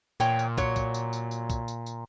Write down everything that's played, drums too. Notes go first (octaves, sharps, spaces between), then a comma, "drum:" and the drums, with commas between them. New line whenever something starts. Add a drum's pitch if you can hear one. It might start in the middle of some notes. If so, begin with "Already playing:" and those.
E2 A#2 C#5 G5, drum: tambourine
drum: tambourine
F#3 C#5, drum: kick, tambourine
drum: kick, tambourine
drum: tambourine
drum: tambourine
drum: tambourine
drum: kick, tambourine
drum: tambourine
drum: tambourine